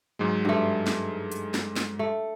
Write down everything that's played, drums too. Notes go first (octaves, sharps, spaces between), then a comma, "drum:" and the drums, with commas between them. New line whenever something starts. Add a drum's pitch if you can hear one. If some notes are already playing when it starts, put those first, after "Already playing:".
G#2 F#3 G#3
G2 A3
drum: snare
drum: hi-hat
drum: snare
drum: snare
A3